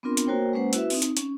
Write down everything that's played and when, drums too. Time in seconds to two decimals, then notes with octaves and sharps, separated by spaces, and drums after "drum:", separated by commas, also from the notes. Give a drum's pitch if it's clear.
0.03 B3 C4 D4 F4 A#4 C6
0.17 drum: hi-hat
0.27 A#3 F#4 A#4 C5 C#5 G5
0.53 G#3 A#3 C#4 B4 C5 F#5
0.73 E4 F#4 B4 E5, drum: hi-hat
0.90 C4 D#4, drum: open hi-hat
1.02 drum: hi-hat
1.17 C#4, drum: hi-hat